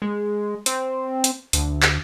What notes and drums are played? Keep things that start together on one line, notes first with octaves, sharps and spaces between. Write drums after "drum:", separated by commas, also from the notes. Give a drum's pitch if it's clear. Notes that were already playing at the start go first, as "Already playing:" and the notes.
G#3
C4, drum: hi-hat
drum: hi-hat
D2, drum: hi-hat
drum: clap